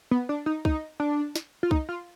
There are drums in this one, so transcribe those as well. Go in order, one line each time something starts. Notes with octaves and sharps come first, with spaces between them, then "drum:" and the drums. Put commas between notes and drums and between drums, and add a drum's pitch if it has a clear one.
B3
D4
D#4
D#4, drum: kick
D4
drum: snare
F4
D#4, drum: kick
F4